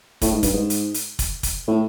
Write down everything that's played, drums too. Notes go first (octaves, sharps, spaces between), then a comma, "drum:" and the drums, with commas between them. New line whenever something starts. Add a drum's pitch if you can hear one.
A2, drum: kick, hi-hat
G#2
G2, drum: kick, hi-hat
G#2
drum: hi-hat
drum: hi-hat
drum: kick, hi-hat
drum: kick, hi-hat
A2